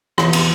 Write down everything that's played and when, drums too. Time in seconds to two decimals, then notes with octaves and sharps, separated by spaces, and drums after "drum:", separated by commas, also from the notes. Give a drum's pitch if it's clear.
0.18 E2 C3 E3 F3, drum: rim click
0.33 drum: cymbal